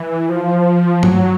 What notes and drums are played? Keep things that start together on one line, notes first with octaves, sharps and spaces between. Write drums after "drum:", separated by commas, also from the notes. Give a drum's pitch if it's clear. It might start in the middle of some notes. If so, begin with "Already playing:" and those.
Already playing: E3
F3
F#3, drum: tom G2